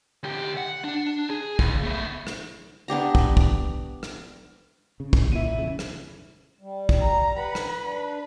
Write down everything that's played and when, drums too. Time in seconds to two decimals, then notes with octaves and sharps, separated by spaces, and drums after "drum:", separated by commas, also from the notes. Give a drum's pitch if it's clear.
0.23 D2 G4
0.57 F#5
0.84 D4
1.30 G#4
1.59 C#2, drum: kick
1.83 A3 B3
2.27 drum: rim click
2.88 B3 D4 G4 A#5
3.15 drum: kick
3.37 drum: kick
4.03 drum: rim click
5.00 C#3
5.13 drum: kick
5.32 A#2 E4 D#7
5.58 F2 C#3
5.79 drum: rim click
6.61 G3
6.89 drum: kick
7.00 A#5
7.38 B4 F#5 B5
7.55 drum: rim click
7.83 D4 B4